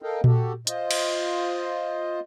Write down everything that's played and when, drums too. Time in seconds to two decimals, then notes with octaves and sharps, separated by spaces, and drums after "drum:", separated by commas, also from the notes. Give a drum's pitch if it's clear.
0.02 A4 A#4 D#5 F5 G5
0.24 F#4 G4 A4, drum: tom A#2
0.67 F4 C5 D#5, drum: hi-hat
0.91 drum: cymbal